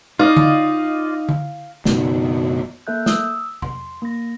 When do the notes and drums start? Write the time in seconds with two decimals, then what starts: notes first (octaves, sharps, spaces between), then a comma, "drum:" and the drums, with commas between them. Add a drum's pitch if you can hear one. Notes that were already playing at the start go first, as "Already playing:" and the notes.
0.19 D#4 F4 D5 D#5 F5
0.37 drum: tom D3
1.29 drum: tom D3
1.85 F#1 B2 D#3, drum: snare
2.87 A#3 A4 E5 F#6 G6
3.06 D#6 E6, drum: snare
3.62 C6, drum: tom E2
4.02 A#3 A#6